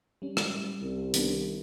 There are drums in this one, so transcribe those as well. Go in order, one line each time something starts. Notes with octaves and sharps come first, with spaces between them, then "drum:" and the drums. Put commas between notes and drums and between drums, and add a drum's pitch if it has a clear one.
G3 C#4
drum: rim click
C2
D#3 B3 D4, drum: hi-hat